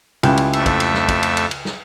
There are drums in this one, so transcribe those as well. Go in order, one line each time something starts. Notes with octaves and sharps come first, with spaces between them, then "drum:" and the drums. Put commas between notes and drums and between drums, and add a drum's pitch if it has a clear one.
C#2 C#4 E4 G4, drum: cymbal
drum: cymbal
F2 A3 E5, drum: cymbal
drum: kick, cymbal
drum: cymbal
drum: snare
drum: kick, cymbal
drum: cymbal
drum: cymbal
drum: cymbal
drum: snare